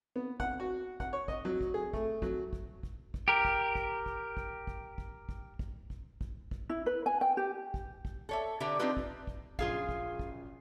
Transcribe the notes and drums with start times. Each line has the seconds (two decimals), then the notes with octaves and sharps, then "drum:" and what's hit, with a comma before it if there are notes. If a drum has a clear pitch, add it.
0.16 B3
0.40 F#5, drum: kick
0.60 F#4
1.00 F#5, drum: kick
1.13 C#5
1.28 D#5, drum: kick
1.45 F#3
1.61 drum: kick
1.74 G#4
1.93 A3, drum: kick
2.22 F#3, drum: kick
2.53 drum: kick
2.83 drum: kick
3.14 drum: kick
3.28 G4 A#4
3.45 drum: kick
3.75 drum: kick
4.06 drum: kick
4.37 drum: kick
4.67 drum: kick
4.98 drum: kick
5.29 drum: kick
5.59 drum: kick
5.90 drum: kick
6.21 drum: kick
6.51 drum: kick
6.69 E4
6.86 B4
7.06 G#5
7.21 G5
7.37 G4
7.74 drum: kick
8.05 drum: kick
8.29 A4 C#5 E5
8.60 D3 G4 B4 D5 E5 A#5
8.79 C4 D4 D#4 F4 G4 B4
8.97 drum: kick
9.27 drum: kick
9.59 A#1 F#2 F4 G#4 F5, drum: kick
9.89 drum: kick
10.19 drum: kick